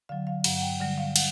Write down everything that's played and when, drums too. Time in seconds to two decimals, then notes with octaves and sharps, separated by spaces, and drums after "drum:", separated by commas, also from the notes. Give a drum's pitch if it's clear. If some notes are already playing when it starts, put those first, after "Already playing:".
0.09 D3 F#3 F5
0.27 F5
0.44 G2 F#5, drum: cymbal
0.57 F#5
0.62 G5
0.80 D3 G3 F#5
0.98 F5
1.16 F#5, drum: cymbal